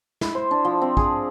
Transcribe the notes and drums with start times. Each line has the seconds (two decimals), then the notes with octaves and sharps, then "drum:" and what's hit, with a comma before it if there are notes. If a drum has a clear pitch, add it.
0.21 E4, drum: snare
0.35 C5
0.51 D4
0.65 F3
0.82 C4
0.97 G#4, drum: kick